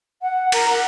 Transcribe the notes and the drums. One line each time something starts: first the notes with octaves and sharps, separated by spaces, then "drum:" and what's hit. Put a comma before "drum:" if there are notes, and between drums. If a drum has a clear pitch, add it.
F#5
A#4, drum: cymbal
F#5